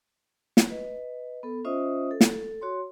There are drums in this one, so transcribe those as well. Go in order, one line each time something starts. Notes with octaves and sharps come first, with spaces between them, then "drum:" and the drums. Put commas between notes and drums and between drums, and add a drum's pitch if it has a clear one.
drum: snare
B4 D#5
B3 A4
C#4 F4 C5 D#5 E5 D#6
A4
drum: snare
F#4 C#5 C6